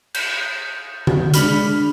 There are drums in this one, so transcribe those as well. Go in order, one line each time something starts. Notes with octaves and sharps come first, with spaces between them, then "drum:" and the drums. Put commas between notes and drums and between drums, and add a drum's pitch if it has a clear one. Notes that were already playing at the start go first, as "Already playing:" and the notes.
G6, drum: cymbal
drum: tom D3
G#3 D4 D5 B5 F6, drum: hi-hat